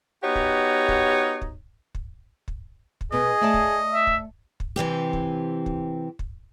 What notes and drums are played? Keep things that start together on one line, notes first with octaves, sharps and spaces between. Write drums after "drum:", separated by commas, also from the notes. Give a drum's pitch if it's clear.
B3 D#4 F#4 G4 C#5
drum: kick
drum: kick
drum: kick
drum: kick
drum: kick
drum: kick
B2 B3 G#4 D#5
A3 D5 A5
drum: kick
E5
drum: kick
drum: kick
C3 E3 C4 G4
drum: kick
drum: kick
drum: kick